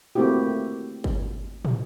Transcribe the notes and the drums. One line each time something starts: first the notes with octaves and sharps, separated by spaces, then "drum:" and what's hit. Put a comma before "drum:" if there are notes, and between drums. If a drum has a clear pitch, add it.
A3 A#3 C4 E4 F#4 G4
drum: kick G1
drum: tom